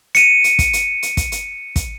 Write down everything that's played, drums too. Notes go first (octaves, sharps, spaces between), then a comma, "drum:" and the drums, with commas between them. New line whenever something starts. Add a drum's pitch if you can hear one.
C#7 D#7, drum: hi-hat
drum: hi-hat
drum: kick, hi-hat
drum: hi-hat
drum: hi-hat
drum: kick, hi-hat
drum: hi-hat
drum: kick, hi-hat